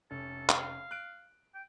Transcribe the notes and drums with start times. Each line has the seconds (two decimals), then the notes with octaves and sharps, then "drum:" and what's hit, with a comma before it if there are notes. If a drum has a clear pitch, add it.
0.11 F1 C#4 A4
0.49 F5, drum: clap
0.91 F#6 D7
1.55 G5